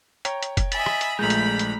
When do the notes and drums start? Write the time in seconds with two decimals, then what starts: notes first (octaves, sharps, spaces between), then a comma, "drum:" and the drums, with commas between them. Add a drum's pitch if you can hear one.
0.25 C#5 G5 A#5, drum: hi-hat
0.43 drum: hi-hat
0.57 drum: kick F1, hi-hat
0.72 D#5 E5 G#5 B5 A6, drum: hi-hat
0.86 drum: rim click
1.01 drum: hi-hat
1.19 A#1 A#2 G#3 A3 A#5 B5 G6
1.30 drum: hi-hat
1.59 drum: hi-hat